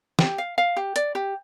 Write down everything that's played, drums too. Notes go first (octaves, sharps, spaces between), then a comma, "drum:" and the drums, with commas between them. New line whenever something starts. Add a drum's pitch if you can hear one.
G4, drum: snare
F5
F5
G4
D5, drum: hi-hat
G4